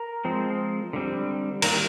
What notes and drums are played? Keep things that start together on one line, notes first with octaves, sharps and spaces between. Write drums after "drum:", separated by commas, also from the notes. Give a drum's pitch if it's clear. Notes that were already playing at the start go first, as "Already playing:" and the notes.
Already playing: A#4
F3 G#3 C4
D3 G3 C4
D#3 G3 A#3 A#4, drum: cymbal